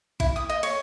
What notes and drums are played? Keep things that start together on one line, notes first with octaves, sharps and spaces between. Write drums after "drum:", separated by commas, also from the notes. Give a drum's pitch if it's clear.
E4, drum: kick A#1, cymbal
D#6
D#5
C#5, drum: cymbal